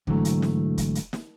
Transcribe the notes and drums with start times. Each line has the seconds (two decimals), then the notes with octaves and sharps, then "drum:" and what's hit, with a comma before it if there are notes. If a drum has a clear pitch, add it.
0.07 G#2 D3 E3 F#3 A3, drum: kick
0.25 drum: hi-hat
0.42 drum: snare
0.78 drum: kick, hi-hat
0.95 drum: hi-hat
1.13 drum: snare